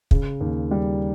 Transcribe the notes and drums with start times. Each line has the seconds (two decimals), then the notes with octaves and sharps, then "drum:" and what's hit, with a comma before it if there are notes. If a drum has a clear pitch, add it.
0.11 C#3, drum: kick
0.41 D#2
0.71 G3